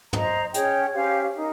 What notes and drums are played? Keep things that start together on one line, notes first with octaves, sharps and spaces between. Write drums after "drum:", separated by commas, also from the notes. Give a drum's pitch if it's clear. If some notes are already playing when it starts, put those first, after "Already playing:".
C5 D#5 A#5, drum: tom
C#4 G#4 C#5 G5, drum: hi-hat
C#4 G4 C5 F5
D#4 A#4